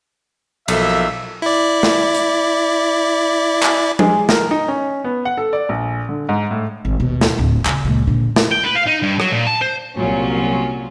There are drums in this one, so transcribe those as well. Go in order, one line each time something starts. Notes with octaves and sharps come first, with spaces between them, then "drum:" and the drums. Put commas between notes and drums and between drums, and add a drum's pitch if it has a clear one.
B1 F3 A#3 A4 E5 E6, drum: cymbal
E4 D5
drum: snare
drum: hi-hat
drum: clap
G#3, drum: tom F3
A#4, drum: snare
D#4
C#4
B3
F#5
A4
D5
A#1
D3
G#2
A2
G#1
D#2 B2
drum: snare
D1 D3
C#3, drum: clap
C#2 A#2
A#1 D3
drum: snare
G5
B4
F5
D#4
G2
F#3, drum: rim click
A#2
A5
C5
C2 A#2 F#3 C#4 F4